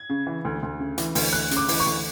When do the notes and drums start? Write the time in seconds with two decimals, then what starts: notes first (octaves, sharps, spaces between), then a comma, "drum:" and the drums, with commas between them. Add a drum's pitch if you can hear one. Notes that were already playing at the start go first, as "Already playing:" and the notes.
Already playing: G#6
0.10 C#3
0.27 E3
0.45 D2
0.63 D2
0.80 C#3
0.98 E3, drum: hi-hat
1.15 D2, drum: open hi-hat
1.33 D2 F#6
1.51 C#3, drum: hi-hat
1.57 D6
1.68 E3, drum: open hi-hat
1.80 C#6
1.86 D2